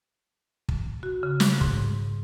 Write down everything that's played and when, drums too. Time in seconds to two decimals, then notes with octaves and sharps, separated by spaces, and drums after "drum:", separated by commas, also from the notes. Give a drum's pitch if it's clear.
0.69 drum: kick
1.03 F#4
1.23 C#3
1.40 F#6, drum: snare
1.61 G#2, drum: kick